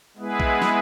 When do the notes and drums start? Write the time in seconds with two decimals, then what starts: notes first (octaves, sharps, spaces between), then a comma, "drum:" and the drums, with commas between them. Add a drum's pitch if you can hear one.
0.17 G#3 B3 E4 G#4 B4
0.40 drum: kick A#1
0.62 drum: snare